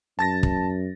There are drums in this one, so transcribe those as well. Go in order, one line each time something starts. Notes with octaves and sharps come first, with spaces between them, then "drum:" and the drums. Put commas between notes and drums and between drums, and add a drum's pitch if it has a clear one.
F#2 A5 A6 A#6
drum: kick